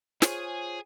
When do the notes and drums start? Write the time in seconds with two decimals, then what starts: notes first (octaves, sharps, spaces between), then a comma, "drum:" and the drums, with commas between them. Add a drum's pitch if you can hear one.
0.22 F4 G#4 C5 C#5, drum: snare